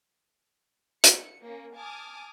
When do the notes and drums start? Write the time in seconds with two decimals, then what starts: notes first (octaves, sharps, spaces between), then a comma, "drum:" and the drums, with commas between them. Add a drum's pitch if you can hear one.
1.04 C#7, drum: hi-hat
1.42 A#3 C#4
1.76 G#5 A5 D6 D#6 F6